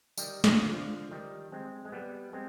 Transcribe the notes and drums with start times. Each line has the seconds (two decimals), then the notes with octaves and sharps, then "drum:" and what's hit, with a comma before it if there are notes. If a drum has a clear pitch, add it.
0.18 D#3 G3, drum: tambourine
0.44 D3 F3, drum: snare
0.71 D3 F3
1.11 D#3 G3
1.52 G#3 C4
1.85 G#3
1.92 G3 B3
2.33 G#3 C4